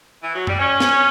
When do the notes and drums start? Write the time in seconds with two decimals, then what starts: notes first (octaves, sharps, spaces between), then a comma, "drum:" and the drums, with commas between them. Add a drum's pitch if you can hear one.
0.23 E3
0.35 F#3
0.47 G3, drum: tom F#2
0.59 C#4
0.80 drum: snare